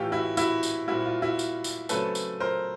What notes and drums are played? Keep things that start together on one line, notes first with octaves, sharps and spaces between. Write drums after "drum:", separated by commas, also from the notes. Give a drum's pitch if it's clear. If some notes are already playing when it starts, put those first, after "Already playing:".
Already playing: A2 E3 A3 F4 G4
E4 F#4
E4 F#4, drum: tambourine
drum: tambourine
A#2 G3 C4 E4 F#4
F4
E4 F#4
drum: tambourine
drum: tambourine
C#3 F#3 A3 C4 A4 B4, drum: tambourine
drum: tambourine
A#4 C5